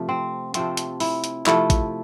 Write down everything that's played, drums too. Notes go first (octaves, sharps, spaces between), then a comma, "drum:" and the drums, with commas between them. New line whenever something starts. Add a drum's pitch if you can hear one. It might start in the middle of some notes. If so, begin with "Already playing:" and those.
Already playing: C3 F3 A3
C4
C3 F3 A3 C4, drum: hi-hat
drum: hi-hat
E4, drum: open hi-hat
drum: hi-hat
C3 F3 A3 E4, drum: clap
drum: kick, hi-hat